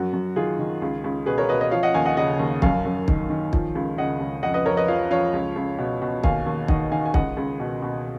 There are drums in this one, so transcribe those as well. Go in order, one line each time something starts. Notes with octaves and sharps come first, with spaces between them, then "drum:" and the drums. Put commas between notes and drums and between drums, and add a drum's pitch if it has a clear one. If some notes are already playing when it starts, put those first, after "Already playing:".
Already playing: F#2 F#4
F#2
D#3 F4 G#4
D#3
C#2
C#2
B2 G#4 B4
A#4 C#5
B2 B4 D#5
B4 D#5
F3 C#5 F5
D#5 F#5
D#2 F5 G#5
D#5 F#5
C#3 D#5 F#5
D#2
F#2 F5 G#5, drum: kick
F#2
D#3, drum: kick
D#3
F3, drum: kick
C#2
C#3 D#5 F#5
C#2
F2 D#5 F#5
B4 D#5
F2 A#4 C#5
B4 D#5
F3 C#5 F5
F3 C#5 F5
C#2
C#2
B2
B2
D#2 F5 G#5, drum: kick
D#2
D#3 D#5 F#5, drum: kick
D#3 F5 G#5
G#5
C#2 D#5 F#5, drum: kick
C#2
B2
B2